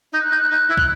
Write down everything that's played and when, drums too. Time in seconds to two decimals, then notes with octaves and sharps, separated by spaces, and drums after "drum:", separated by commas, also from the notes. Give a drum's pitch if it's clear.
0.12 D#4
0.21 F#6
0.30 D#4
0.50 D#4
0.68 E4
0.77 drum: kick